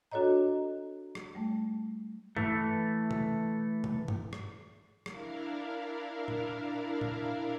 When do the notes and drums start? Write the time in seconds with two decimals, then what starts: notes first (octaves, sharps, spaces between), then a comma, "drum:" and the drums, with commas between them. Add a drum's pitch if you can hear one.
0.11 D4 F#4 A4 C#5 D#5 A#5
1.15 drum: rim click
1.35 G3 A3
2.37 E3 A3, drum: tom G2
3.11 drum: tom B2
3.84 drum: tom B2
4.08 drum: tom G2
4.33 drum: rim click
5.06 D4 E4 A#4 F5, drum: rim click
6.28 drum: tom A#2
7.01 drum: tom A#2